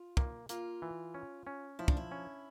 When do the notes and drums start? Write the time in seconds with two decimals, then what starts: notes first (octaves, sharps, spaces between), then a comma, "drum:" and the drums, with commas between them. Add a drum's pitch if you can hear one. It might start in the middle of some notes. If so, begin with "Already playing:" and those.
Already playing: F4
0.17 A#3, drum: kick
0.49 A#3 F4, drum: hi-hat
0.82 E3
1.14 C#4
1.47 C#4
1.79 F3 E4
1.88 D4, drum: kick
1.97 E4
2.11 C#4